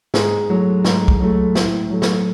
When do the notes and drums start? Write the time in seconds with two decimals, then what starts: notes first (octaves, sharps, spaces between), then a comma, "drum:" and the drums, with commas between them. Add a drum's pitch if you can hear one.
0.14 G#2 G#4, drum: snare
0.50 F#3 A3
0.85 G#2, drum: snare
1.08 drum: kick B1
1.20 F#3 A3
1.55 A2, drum: snare
1.90 F#3 A3
2.02 drum: snare